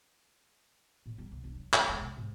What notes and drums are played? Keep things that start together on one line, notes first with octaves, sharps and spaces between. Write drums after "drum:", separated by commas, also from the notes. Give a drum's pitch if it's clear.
A2
G3
C2
D4
F#3
D#3, drum: clap
G#3
C3
G#2